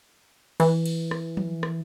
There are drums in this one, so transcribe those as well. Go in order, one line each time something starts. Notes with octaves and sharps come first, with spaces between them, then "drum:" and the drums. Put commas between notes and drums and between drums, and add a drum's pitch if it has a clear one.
E3, drum: cymbal
drum: cymbal
drum: rim click
drum: tom F3
drum: rim click